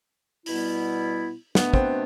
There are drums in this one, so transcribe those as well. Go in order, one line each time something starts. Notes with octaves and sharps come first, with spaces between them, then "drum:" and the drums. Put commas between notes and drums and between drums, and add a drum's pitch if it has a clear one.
B2 G3 B3 E4, drum: open hi-hat
B2 A3 B3 D4, drum: snare
C4, drum: kick